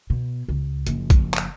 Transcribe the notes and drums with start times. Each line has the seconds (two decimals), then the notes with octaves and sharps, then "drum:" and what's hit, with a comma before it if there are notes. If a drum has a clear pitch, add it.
0.10 B2
0.48 C#2
0.87 F#1 F3, drum: hi-hat
1.10 drum: kick, hi-hat
1.34 drum: clap